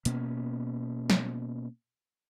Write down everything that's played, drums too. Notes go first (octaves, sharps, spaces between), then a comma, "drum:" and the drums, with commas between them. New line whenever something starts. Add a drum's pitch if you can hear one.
B2 A#3 B3 C#4, drum: hi-hat
drum: snare